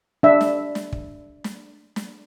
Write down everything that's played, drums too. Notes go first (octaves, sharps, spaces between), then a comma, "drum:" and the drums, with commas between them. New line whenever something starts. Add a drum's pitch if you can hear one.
D4 E5
drum: snare
drum: snare
drum: kick
drum: snare
drum: snare